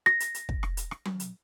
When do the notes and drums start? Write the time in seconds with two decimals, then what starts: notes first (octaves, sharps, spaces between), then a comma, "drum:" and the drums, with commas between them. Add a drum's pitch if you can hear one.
0.06 A#6, drum: rim click
0.20 drum: hi-hat
0.34 drum: hi-hat
0.49 drum: kick
0.63 drum: rim click
0.77 drum: hi-hat
0.91 drum: rim click
1.05 drum: tom F#3
1.20 drum: hi-hat